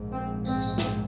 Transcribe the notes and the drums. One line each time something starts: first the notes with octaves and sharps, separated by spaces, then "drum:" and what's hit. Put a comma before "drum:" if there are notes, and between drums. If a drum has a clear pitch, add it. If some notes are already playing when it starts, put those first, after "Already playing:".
Already playing: A#1 G#2
C4
C4, drum: tambourine
drum: tambourine
drum: snare